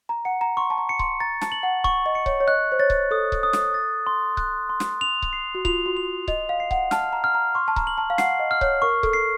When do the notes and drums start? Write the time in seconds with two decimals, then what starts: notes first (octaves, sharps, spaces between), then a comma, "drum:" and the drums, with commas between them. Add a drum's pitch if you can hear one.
0.09 A#5
0.25 F#5 C#7
0.41 A#5
0.57 C6 C#6
0.70 A5
0.78 A#5
0.89 C#7
0.99 C6, drum: kick C#1
1.20 A#5 A6
1.41 A5, drum: snare
1.52 F#7
1.63 F#5
1.84 C#6, drum: kick C#1
2.06 D#5
2.15 C#7
2.26 C#5, drum: kick C#1
2.40 C#5
2.47 D#5 F#6
2.72 C5
2.79 C#5 A6
2.90 drum: kick C#1
3.11 A4 D#6
3.32 drum: kick C#1
3.43 D#6
3.53 drum: snare
3.74 A6
4.07 C6
4.37 F#6, drum: kick C#1
4.69 C6
4.80 drum: snare
5.01 F7
5.22 drum: kick C#1
5.33 C7
5.55 F#4
5.65 F4 F7, drum: kick C#1
5.86 F#4
5.97 F7
6.28 D#5 F7, drum: kick C#1
6.49 F5
6.60 C7
6.71 F#5, drum: kick C#1
6.91 A5 F6, drum: snare
7.13 A#5
7.24 F6
7.34 A#5
7.55 C6 C#6
7.68 A5
7.76 A#5, drum: kick C#1
7.87 F#7
7.98 A5
8.10 F5
8.18 F#5 C7, drum: snare
8.40 D#5
8.51 F6
8.61 C#5, drum: kick C#1
8.82 A#4 C#6
9.03 A4, drum: kick C#1
9.13 C7